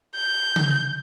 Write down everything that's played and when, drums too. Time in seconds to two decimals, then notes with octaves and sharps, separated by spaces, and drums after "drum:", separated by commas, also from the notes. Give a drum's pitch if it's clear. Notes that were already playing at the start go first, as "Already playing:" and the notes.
0.15 G6
0.56 drum: tom C#3